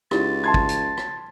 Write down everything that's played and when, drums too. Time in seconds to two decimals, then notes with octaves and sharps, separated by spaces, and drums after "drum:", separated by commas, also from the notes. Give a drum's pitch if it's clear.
0.11 C#2 D#4 E4 G4 A6, drum: rim click
0.44 A5 C6 G#6
0.54 drum: kick
0.69 drum: hi-hat
0.97 drum: rim click